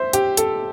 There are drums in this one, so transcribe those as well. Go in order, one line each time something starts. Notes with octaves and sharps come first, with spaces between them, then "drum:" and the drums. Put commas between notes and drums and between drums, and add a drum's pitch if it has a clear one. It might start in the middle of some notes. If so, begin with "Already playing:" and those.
Already playing: C5 E5
G4, drum: hi-hat
A4, drum: hi-hat